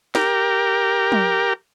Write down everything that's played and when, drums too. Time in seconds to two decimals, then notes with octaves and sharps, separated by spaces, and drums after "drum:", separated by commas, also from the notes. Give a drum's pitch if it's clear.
0.15 G4 A#4, drum: snare
1.12 drum: tom